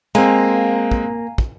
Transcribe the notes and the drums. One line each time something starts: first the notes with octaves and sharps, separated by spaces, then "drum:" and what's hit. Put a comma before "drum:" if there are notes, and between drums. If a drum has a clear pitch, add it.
G#3 A#3 C4 F5 G#5 A#5
drum: kick
drum: kick